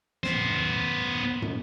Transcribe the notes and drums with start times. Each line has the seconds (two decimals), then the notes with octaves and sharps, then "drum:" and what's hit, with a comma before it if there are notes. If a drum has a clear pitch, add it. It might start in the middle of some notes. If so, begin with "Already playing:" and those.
0.24 B3 C5, drum: snare
1.42 drum: tom